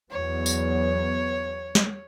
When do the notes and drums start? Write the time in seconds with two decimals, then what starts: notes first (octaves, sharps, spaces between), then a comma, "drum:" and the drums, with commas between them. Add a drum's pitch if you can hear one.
0.11 E2 F#3 B3 C#5
0.46 drum: tambourine
1.75 drum: snare